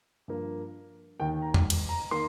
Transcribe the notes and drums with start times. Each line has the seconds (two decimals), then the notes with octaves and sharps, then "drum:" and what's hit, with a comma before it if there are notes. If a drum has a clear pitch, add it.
0.28 G2 F3 A#3
1.19 D#2 D#3 A#3 G5
1.42 A#5
1.54 drum: tom E2
1.70 drum: cymbal
1.89 A#5
2.11 D#3 A#3 C6